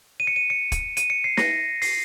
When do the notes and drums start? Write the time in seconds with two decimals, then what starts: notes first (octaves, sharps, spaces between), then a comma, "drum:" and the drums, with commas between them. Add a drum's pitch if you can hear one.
0.20 D#7
0.27 C#7
0.36 D#7
0.50 C#7
0.72 drum: kick, hi-hat
0.97 D#7, drum: hi-hat
1.10 C#7
1.24 C7
1.37 A#6, drum: snare
1.82 C7, drum: open hi-hat